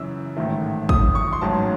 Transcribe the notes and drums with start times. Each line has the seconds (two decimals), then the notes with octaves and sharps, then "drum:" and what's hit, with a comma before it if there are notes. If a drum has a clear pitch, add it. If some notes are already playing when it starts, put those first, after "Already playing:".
Already playing: F#2 C#3 E3 E6
0.37 A1 G#2 D#3 A3
0.89 D#6, drum: kick
1.15 C#6
1.33 C6
1.41 A1 G#2 F#3 C#4 A5